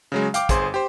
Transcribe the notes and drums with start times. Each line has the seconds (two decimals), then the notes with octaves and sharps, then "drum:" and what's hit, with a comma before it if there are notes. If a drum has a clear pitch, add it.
0.12 C#3 F#3 G#3
0.34 F5 G5 D6, drum: hi-hat
0.49 G1 G#4 C5 C6, drum: kick, hi-hat
0.74 G4 C5